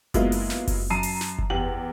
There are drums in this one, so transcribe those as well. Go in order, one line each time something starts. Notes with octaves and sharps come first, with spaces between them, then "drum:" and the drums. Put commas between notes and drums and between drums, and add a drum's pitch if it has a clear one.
F#3 G#3 A#3 B3 E4 F4, drum: kick F#1, hi-hat
drum: open hi-hat
drum: snare
drum: kick F#1, open hi-hat
F#2 A5 A#5 C7 D#7
drum: open hi-hat
drum: snare
drum: kick F#1
E2 G4 F#7